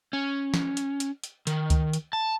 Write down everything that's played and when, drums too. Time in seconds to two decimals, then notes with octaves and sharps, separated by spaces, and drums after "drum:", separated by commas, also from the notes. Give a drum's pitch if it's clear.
0.13 C#4
0.54 drum: snare
0.77 drum: hi-hat
1.00 drum: hi-hat
1.24 drum: hi-hat
1.47 D#3, drum: hi-hat
1.70 drum: kick C#2, hi-hat
1.93 drum: hi-hat
2.13 A5